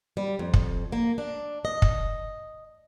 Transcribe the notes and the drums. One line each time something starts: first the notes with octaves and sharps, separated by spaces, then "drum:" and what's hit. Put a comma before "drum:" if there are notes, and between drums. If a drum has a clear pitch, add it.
G3
F2
drum: kick
A#3
D4
D#5
drum: kick